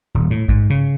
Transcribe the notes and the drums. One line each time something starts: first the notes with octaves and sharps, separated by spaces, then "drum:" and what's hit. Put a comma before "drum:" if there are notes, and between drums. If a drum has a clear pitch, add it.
D#1
A2
G#2, drum: kick A1
C#3